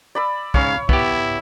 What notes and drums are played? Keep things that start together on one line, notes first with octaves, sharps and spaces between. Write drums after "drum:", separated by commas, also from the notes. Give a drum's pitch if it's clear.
D5 B5 E6
G#2 C#3 C#5 F5, drum: kick
B3 E4 G4, drum: kick